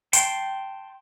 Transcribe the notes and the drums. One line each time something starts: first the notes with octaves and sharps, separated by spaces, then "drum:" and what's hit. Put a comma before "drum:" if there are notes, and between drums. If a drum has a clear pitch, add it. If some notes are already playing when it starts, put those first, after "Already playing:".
G5 A5 C6, drum: hi-hat